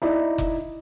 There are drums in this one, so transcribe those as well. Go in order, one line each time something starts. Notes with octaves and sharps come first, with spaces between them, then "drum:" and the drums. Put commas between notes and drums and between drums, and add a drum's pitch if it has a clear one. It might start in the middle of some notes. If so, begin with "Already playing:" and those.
D#4 E4 D5
drum: kick F1